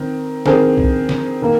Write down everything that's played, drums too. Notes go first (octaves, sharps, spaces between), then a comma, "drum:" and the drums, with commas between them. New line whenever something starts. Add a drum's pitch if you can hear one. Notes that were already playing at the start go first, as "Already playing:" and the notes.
Already playing: D#3 C4
D#3 C4 G#4, drum: snare
drum: kick
drum: snare
D#3 A#3